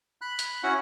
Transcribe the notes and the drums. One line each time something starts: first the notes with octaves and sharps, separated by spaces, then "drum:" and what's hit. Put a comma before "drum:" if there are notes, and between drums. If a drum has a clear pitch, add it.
B5 F#6
drum: hi-hat
C#4 E4 F#4 F#5